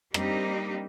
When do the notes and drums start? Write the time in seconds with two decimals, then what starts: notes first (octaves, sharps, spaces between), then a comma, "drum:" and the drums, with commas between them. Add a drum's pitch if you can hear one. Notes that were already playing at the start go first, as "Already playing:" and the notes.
0.14 G3 A#3 C4 D4 D#4 G4, drum: rim click